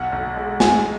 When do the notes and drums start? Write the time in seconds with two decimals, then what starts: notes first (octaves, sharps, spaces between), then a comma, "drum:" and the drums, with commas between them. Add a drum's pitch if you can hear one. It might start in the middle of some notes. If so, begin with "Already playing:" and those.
Already playing: B1 F#5
0.12 B1
0.36 G#3
0.60 G#3 G#5, drum: snare